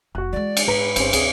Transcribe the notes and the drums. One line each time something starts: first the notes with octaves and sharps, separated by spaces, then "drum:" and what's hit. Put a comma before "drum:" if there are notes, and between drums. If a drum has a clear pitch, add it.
F1 F#4 F#6
E3 G#3 D5
drum: cymbal
G#2 B4 A#5 B5
G1 C4 C#4 C5, drum: cymbal
D2 C3 G#4, drum: cymbal